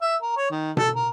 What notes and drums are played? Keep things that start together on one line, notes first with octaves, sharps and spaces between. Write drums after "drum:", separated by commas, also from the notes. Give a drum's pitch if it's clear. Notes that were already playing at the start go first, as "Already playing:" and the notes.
E5
A#4
C#5
D#3
A4, drum: tom B2
A#4